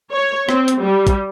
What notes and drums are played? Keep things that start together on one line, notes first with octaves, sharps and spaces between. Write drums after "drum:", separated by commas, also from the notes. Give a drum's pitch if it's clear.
C#5
C4, drum: rim click
drum: hi-hat
G3
drum: kick, hi-hat